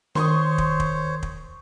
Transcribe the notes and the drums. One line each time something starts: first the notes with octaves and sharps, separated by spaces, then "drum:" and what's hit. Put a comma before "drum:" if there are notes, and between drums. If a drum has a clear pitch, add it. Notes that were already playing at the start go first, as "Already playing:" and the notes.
D#3 C5 C#5 C6 C#6 D#6, drum: snare D4
drum: kick
drum: kick
drum: kick